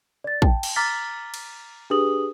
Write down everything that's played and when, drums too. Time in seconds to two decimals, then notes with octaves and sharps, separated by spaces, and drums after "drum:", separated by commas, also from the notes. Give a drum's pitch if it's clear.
0.24 D5 A6
0.42 G5 A5, drum: kick
0.63 drum: cymbal
0.76 A#5 D6 F6 A6 B6
1.34 drum: cymbal
1.90 D4 G4 G#4 B4 D#6 F#7